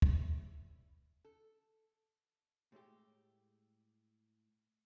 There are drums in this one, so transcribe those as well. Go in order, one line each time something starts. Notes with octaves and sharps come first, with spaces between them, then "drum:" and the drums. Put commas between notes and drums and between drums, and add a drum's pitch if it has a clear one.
E2 G2 G3 E4 C#5 E5, drum: kick
A4
A2 G#3 A3 G4